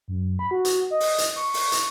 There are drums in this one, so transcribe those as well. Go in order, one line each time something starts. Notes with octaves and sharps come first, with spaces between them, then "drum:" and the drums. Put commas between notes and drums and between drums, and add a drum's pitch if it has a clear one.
F#2
B5
F#4
drum: hi-hat
D#5
drum: open hi-hat
drum: hi-hat
C#6
drum: open hi-hat
drum: hi-hat